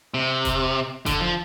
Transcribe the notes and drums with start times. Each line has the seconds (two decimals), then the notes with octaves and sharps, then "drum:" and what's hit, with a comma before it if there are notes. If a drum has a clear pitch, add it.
0.14 C3
0.45 drum: kick E1, hi-hat
1.06 D3, drum: kick E1, hi-hat
1.20 F3